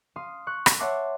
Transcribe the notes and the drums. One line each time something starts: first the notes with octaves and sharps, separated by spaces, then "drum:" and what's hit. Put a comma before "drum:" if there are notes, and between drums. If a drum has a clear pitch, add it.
F5 C6 D#6
C#6 F#6
drum: rim click
C#5 E5 F#5 A5 C6 D6